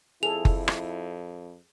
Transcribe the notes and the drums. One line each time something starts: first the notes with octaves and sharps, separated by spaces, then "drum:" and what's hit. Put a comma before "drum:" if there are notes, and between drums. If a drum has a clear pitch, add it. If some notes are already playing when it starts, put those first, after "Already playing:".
F2 E4 G#4 A4 F7
drum: kick F#1
drum: rim click